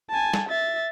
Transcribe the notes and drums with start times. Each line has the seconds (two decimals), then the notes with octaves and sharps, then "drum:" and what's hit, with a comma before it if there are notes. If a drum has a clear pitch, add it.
0.11 G#5 A5
0.34 drum: snare
0.49 E5 A6